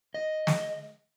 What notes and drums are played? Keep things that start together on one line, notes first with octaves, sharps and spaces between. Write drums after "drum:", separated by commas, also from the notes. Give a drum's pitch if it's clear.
D#5
drum: snare